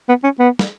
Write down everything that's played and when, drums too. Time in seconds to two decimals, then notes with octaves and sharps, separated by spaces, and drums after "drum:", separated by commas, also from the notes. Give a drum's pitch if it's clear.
0.09 B3
0.24 C#4
0.39 B3
0.59 drum: snare